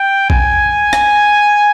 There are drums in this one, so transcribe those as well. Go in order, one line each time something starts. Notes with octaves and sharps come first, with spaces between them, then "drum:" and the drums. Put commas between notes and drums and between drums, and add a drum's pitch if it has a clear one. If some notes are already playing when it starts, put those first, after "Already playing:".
Already playing: G5
G#5, drum: kick A#1
drum: rim click